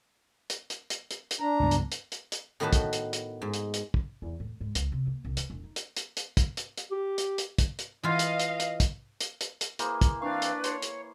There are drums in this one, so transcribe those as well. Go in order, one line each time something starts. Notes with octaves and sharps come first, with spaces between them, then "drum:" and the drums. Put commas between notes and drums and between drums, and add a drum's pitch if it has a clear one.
drum: hi-hat
drum: hi-hat
drum: hi-hat
drum: hi-hat
drum: hi-hat
D4 A#5
C#2 G2 B3
drum: hi-hat
drum: hi-hat
drum: hi-hat
drum: hi-hat
A2 D#3 B3 F#4 B4 A5
drum: kick, hi-hat
drum: hi-hat
drum: hi-hat
G#2
drum: hi-hat
drum: hi-hat
drum: kick
E2
A2
G#2
C#2, drum: hi-hat
C3
A#3
C2
D#3, drum: hi-hat
E1
D#4
drum: hi-hat
drum: hi-hat
drum: hi-hat
drum: kick, hi-hat
drum: hi-hat
drum: hi-hat
G4
drum: hi-hat
drum: hi-hat
drum: kick, hi-hat
drum: hi-hat
E3 F4 D#5 F5
drum: hi-hat
drum: hi-hat
drum: hi-hat
drum: kick, hi-hat
drum: hi-hat
drum: hi-hat
drum: hi-hat
E3 A#3 G#4 C5, drum: hi-hat
drum: kick, hi-hat
E3 C4 D4 B4 F5 C#6
drum: hi-hat
C#5 C6, drum: hi-hat
drum: hi-hat